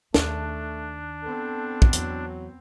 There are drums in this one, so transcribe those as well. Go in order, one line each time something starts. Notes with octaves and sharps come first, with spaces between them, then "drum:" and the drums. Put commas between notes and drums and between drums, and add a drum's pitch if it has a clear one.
D#2 D#3 A3 D4, drum: snare
B3 C4 A4
drum: kick
E2 F#3, drum: hi-hat